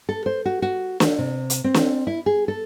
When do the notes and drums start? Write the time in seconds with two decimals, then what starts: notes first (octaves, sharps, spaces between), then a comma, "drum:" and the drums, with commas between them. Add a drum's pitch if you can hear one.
0.09 A4
0.26 C5
0.45 F#4
0.62 F#4
1.00 drum: snare
1.18 C3
1.50 drum: hi-hat
1.64 C4
1.74 drum: snare
2.07 E4
2.26 G#4
2.48 A4